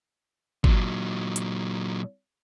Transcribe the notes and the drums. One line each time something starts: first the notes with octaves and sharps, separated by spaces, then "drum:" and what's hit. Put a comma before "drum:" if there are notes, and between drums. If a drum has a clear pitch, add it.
A#2 F#3, drum: kick G1
drum: hi-hat